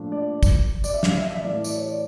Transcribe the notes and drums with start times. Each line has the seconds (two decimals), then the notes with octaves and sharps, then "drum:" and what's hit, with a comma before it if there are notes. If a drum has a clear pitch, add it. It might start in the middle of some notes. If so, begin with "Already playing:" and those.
Already playing: A#2 F3 A3 D4
0.12 D5
0.43 drum: kick, tambourine
0.84 D5, drum: tambourine
0.94 E5
1.03 F5, drum: snare
1.17 E5
1.31 E5
1.44 A2 E3 A3 D5
1.64 D5, drum: tambourine
1.76 C#5
1.88 D5